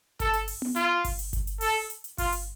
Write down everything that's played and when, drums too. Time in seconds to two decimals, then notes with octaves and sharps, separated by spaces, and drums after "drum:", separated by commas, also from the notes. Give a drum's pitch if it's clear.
0.20 A4, drum: kick G1, hi-hat
0.33 drum: hi-hat
0.48 drum: open hi-hat
0.62 drum: tom B3
0.76 F4, drum: hi-hat
1.05 drum: kick G1, open hi-hat
1.19 drum: hi-hat
1.33 drum: kick G1, hi-hat
1.47 drum: hi-hat
1.61 A4, drum: open hi-hat
1.90 drum: hi-hat
2.04 drum: hi-hat
2.18 F4, drum: kick G1, open hi-hat
2.32 drum: hi-hat